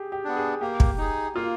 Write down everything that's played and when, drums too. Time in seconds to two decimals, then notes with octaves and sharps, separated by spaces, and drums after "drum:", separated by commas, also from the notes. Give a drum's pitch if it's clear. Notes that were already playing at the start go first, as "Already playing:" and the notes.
Already playing: G4 G#4
0.12 G4
0.25 B3 D4
0.37 G#4
0.61 A#3 G4
0.80 drum: kick
0.98 D#4 G#4
1.35 A#3 F4